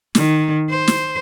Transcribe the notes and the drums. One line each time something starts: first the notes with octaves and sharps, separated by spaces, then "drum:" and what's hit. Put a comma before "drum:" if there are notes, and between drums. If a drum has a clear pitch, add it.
D#3, drum: snare
C5
drum: snare